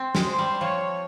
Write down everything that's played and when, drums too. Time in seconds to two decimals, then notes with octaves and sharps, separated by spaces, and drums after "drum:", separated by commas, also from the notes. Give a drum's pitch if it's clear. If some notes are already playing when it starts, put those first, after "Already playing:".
Already playing: C4
0.15 G#3, drum: snare
0.27 C5
0.39 G3
0.61 F3 C#5